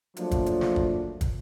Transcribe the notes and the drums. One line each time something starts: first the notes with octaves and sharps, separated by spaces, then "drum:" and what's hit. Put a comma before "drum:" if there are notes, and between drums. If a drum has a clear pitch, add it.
F3 F#3 A3 A#3 D4, drum: hi-hat
drum: kick, hi-hat
drum: hi-hat
drum: snare
drum: kick
drum: kick, hi-hat